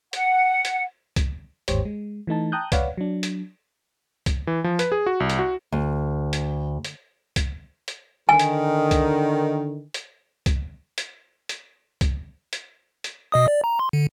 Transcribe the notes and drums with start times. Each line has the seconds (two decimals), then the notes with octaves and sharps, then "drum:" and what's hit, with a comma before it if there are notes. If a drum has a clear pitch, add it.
0.13 F#5, drum: hi-hat
0.65 drum: hi-hat
1.16 drum: kick, hi-hat
1.68 G1 D#2 G#2 G4 C5 C#5, drum: hi-hat
1.85 G#3
2.27 E3 A3 D#4 A5
2.52 G5 A5 A#5 D#6 F#6 G6
2.72 B4 C#5 D5 F5 F#5, drum: kick, hi-hat
2.97 F#3 D4
3.23 drum: hi-hat
4.26 drum: kick, hi-hat
4.47 E3
4.64 F3
4.79 B4, drum: hi-hat
4.92 G#4
5.06 F#4
5.20 C2
5.30 drum: hi-hat
5.39 F#4
5.72 D2
6.33 drum: hi-hat
6.85 drum: hi-hat
7.36 drum: kick, hi-hat
7.88 drum: hi-hat
8.29 D3 D#3 G#5
8.39 drum: hi-hat
8.91 drum: kick, hi-hat
9.94 drum: hi-hat
10.46 drum: kick, hi-hat
10.98 drum: hi-hat
11.49 drum: hi-hat
12.01 drum: kick, hi-hat
12.53 drum: hi-hat
13.04 drum: hi-hat
13.32 B2 D#5 D#6
13.48 D5
13.64 A#5
13.79 C6
13.93 D3